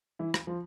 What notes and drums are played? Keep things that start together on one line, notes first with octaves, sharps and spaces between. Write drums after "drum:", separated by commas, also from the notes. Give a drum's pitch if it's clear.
E3 E4
drum: rim click
F3 F4